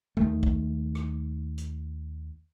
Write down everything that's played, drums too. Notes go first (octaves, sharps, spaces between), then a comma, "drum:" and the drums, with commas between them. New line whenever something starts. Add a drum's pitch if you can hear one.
D#2 D#3 A3, drum: tom E2
drum: kick
drum: rim click
drum: hi-hat